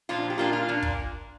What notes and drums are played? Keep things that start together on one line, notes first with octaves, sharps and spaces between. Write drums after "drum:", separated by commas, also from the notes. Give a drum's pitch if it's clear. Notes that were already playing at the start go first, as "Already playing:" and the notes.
A#2 F3 D4 F4
G4
A#2 A#3 D4 F4
F4
A#2 A#3 D4
drum: kick